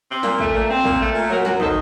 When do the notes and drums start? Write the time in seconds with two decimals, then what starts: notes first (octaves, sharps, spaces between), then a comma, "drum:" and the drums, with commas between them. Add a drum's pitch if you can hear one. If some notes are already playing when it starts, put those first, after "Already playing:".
0.09 C4
0.23 A#2, drum: snare
0.39 A3, drum: kick
0.54 A#2
0.69 C4
0.85 A#2, drum: kick
1.00 A3
1.15 A#2
1.29 F#3 F#4 A#4
1.45 F#2 F#4 A#4, drum: snare
1.60 D#3 A4 C5, drum: kick